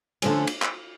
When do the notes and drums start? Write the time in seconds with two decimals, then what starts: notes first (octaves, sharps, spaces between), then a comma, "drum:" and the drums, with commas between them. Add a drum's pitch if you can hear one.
0.22 D3 F3 A3 C#4, drum: cymbal
0.47 drum: cymbal
0.62 drum: clap